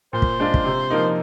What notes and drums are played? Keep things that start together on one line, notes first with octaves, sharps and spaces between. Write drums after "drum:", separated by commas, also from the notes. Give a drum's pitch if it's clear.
A#2 C5
drum: kick
G#3 D4 F4
drum: kick
C3
F3 A#3 D#4